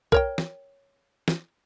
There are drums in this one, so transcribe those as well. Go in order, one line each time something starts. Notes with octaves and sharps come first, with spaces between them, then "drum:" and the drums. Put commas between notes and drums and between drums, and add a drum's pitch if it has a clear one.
A#4 C#5 G5, drum: kick B1
drum: snare
drum: snare